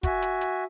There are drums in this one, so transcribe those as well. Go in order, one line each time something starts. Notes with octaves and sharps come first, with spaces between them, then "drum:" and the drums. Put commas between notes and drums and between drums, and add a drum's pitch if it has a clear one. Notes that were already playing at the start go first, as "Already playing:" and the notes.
F#4 E5 G#5, drum: kick, hi-hat
drum: hi-hat
drum: hi-hat